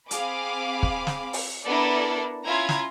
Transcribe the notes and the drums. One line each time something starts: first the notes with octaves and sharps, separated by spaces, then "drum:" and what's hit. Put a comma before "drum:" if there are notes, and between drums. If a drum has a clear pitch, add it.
C4 G#4 F5 B5 D6, drum: hi-hat
drum: kick
drum: snare
drum: open hi-hat
B3 D4 E4 A4 A#4 D5
C#4 E4 F4 A#5 G#6
drum: snare